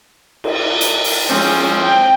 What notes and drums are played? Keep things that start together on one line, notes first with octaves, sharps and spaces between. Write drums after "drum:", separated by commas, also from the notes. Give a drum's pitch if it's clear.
drum: cymbal
drum: hi-hat
drum: open hi-hat
F3 G#3 C4 C#4
G5